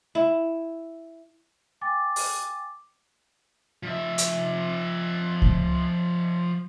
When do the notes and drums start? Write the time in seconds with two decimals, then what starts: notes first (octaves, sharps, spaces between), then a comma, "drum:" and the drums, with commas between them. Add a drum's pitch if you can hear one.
0.15 E4
1.81 G5 G#5 D6 A6
2.16 drum: open hi-hat
3.83 F3 E5
4.18 drum: hi-hat
5.42 drum: kick C#2